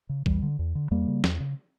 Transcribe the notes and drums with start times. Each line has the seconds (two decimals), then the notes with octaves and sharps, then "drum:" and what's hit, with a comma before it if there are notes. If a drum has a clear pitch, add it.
0.09 C#3
0.26 E2 E3 G3, drum: kick
0.42 D3
0.59 E2
0.75 D3
0.91 E2 G3 A#3
1.07 C#3
1.24 E2, drum: snare
1.40 C#3